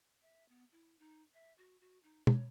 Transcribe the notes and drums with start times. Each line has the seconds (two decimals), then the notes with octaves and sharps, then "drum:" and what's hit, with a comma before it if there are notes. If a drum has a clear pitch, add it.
0.22 E5
0.49 B3
0.72 E4
0.99 D#4
1.34 E5
1.58 F#4
1.80 F#4
2.03 D#4
2.27 C#5, drum: tom